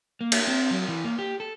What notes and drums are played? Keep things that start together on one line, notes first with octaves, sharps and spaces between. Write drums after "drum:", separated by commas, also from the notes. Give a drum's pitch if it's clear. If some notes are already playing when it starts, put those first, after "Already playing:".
A#3
drum: cymbal
C4
F#3
E3
A#3
G4
A4